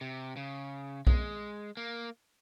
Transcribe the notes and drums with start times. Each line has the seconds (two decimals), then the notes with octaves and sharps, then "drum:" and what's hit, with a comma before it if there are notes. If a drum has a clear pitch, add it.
0.01 C3
0.37 C#3
1.07 G#3, drum: kick B1
1.77 A#3